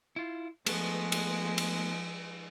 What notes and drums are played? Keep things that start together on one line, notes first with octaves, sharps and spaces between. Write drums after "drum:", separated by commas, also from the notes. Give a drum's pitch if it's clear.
E4 F4
F3 G#3 A3 B3, drum: cymbal
drum: cymbal
drum: cymbal